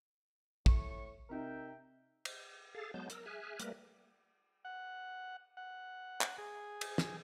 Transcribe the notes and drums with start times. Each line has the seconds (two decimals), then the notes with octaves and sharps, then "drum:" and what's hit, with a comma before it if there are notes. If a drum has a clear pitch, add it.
0.66 A2 C#6, drum: kick
1.30 C3 D#4 A#4 E5 G5
2.25 drum: cymbal
2.74 G#4 A4 F5 A6
2.94 F#3 G#3 B3 A5 G6
3.10 A#4 E6, drum: hi-hat
3.26 G#4 E5 G#5 F6 F#6
3.60 G3 A3 A#3 A#4 B4, drum: hi-hat
4.65 F#5
5.57 F#5
6.21 drum: clap
6.38 G#4
6.81 drum: cymbal
6.98 drum: snare